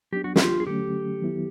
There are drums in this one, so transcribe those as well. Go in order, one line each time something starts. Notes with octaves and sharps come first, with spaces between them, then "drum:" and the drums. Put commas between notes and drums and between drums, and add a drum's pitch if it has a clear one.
F#3 B3 D4 G4
F#4
F4 G4, drum: snare
G#4
D3 F#3 A3 C#4 G4 A4
D#3 F#3 B3 E4